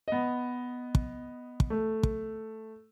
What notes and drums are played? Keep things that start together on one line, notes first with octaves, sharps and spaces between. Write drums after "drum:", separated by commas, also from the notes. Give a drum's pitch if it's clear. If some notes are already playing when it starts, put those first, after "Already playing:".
B3 D#5
drum: kick
drum: kick
A3
drum: kick